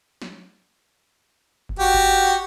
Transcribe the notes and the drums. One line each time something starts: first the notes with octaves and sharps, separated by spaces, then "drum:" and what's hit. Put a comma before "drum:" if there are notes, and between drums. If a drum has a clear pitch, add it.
drum: snare
drum: kick G1
F#4 G4
drum: kick G1